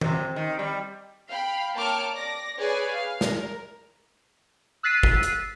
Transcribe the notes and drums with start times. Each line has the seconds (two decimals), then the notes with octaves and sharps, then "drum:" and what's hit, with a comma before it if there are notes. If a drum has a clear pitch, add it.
0.01 C3, drum: tom D#3
0.36 D#3
0.59 G3
1.27 F5 G5 B5
1.75 A#3 C#5 G5 A5 D6 F6
2.13 D5 D6 A#6
2.58 G#4 B4 C#5 D5 G#5
2.92 F5
3.21 A#4, drum: snare
4.83 E6 F#6 A6 B6 C7 D#7
5.03 drum: kick
5.23 drum: hi-hat